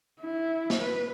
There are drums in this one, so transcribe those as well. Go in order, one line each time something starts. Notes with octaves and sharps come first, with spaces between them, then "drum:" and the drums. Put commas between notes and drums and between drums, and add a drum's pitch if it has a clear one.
E4
drum: snare
B4